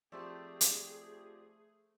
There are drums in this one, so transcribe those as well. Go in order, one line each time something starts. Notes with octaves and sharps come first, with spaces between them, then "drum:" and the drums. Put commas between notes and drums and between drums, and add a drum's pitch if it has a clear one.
F3 A3 C4 G4 G#4 C5 D5 A5
drum: hi-hat